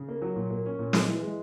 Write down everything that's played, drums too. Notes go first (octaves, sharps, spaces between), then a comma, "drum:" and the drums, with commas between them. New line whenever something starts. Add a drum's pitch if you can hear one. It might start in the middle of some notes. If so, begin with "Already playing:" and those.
Already playing: C#3
A#3
F#3
A#2
A#3
C#4
A#2
G#3, drum: snare
E3
G#3